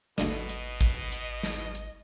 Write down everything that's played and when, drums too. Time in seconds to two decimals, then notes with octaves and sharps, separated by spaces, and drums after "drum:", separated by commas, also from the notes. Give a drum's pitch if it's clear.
0.18 G#1 D2 B2 D3 D#5, drum: snare
0.49 drum: hi-hat
0.81 drum: kick, hi-hat
1.12 drum: hi-hat
1.43 drum: snare
1.75 drum: hi-hat